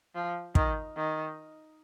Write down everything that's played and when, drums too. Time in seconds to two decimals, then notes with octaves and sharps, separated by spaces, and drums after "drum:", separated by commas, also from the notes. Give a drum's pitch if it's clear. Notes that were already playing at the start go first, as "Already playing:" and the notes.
0.15 F3
0.55 D#3, drum: kick
0.96 D#3